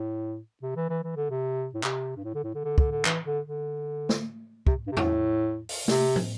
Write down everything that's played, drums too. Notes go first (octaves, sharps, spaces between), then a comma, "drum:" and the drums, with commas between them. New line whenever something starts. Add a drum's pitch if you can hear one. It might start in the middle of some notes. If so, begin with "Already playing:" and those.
Already playing: A2
C3
E3
E3
E3
D3
C3
A2
C3, drum: clap
G2
A2
D3
A2
D3
D3
D3, drum: kick
D3
E3, drum: clap
D3
D3
drum: snare
C3, drum: kick
G2
C3
A2, drum: tom E2
drum: open hi-hat
C3, drum: snare
drum: tom